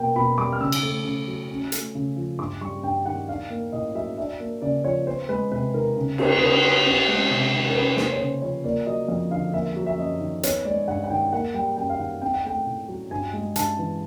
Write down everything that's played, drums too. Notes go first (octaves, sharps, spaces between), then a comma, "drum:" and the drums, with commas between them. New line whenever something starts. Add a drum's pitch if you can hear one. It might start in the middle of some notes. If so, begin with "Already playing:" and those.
Already playing: B2 A#3 G5
B2 B5
G3 D6
F6
C#3 E6
drum: cymbal
A3
C#3
F#3
C#4
A3, drum: hi-hat
C#3
F3
G2 D6
G3 C#6
G2 G5
D#3 F#5
D4 F5
A#3
A2 D#5
F#3 E5
D4 E5
A#3
C#3 D5
F3 C#5
B3 C5
G#3 B4
C3 B4
D#3 A#4
C#3
B3 A#4, drum: cymbal
A#4
C#3 B4
F#3 B4
C4
G#3
C3
D#3
A#4
C#4 B4
A#3 C5, drum: snare
C#5
C#3 C5
F3 C#5
A#3 D5
F#3 D#5
F2
D3 F5
A#3 E5
F#3
E5
F#2 D#5
D#3
B3 C#5, drum: hi-hat
G#3 D5
G2 F#5
F#5
D#3 G5
A#3 F#5
G3 G5
F#2 G5
F5
D#3 F#5
C4 G5
F#5
A3 G5
A2
F#3
G2 G#5
G#3
G2 A5, drum: hi-hat
E3